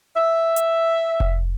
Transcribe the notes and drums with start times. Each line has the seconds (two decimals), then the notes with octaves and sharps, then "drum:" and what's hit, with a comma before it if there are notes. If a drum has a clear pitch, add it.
0.16 E5
0.56 drum: hi-hat
1.20 drum: kick F1